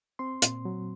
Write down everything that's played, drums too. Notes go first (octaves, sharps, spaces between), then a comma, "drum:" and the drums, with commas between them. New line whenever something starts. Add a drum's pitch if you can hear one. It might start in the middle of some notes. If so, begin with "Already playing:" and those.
C4 C6
A#2, drum: hi-hat
F#3